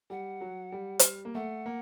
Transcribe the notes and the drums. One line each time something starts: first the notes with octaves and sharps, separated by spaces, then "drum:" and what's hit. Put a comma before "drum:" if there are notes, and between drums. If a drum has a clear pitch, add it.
G3 F#5
F#3
G3
drum: hi-hat
A#3
A3 F#5
A#3